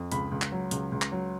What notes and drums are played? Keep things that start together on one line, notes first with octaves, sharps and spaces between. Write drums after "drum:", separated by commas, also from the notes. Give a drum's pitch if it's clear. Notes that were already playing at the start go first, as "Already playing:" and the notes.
Already playing: F2
C#2 B5, drum: hi-hat
C#2
drum: clap
F#3
C#2, drum: hi-hat
C#2
drum: clap
F#3